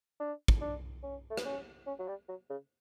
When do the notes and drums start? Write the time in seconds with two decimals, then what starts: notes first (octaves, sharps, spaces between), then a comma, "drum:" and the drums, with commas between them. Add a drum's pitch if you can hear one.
0.20 D4
0.48 drum: kick
0.61 D4
1.03 C#4
1.30 A3
1.37 B3, drum: rim click
1.45 C#4
1.87 C#4
1.99 F#3
2.08 G3
2.29 F#3
2.50 C#3